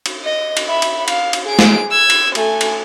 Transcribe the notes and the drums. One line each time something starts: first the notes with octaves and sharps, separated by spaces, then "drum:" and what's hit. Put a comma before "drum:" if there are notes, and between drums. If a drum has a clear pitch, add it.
drum: cymbal
D#5
drum: cymbal
E5 B5
drum: cymbal
F5, drum: cymbal
drum: cymbal
G#4 D7
drum: snare
E6 G#6
drum: cymbal
A3 G#5, drum: cymbal
drum: cymbal